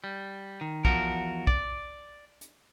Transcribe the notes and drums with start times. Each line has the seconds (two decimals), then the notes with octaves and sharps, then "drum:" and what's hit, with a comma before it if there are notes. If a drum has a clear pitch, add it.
0.04 G3
0.61 D#3
0.85 E2 F3 F#4 A#4, drum: kick
1.47 D5, drum: kick
2.41 drum: hi-hat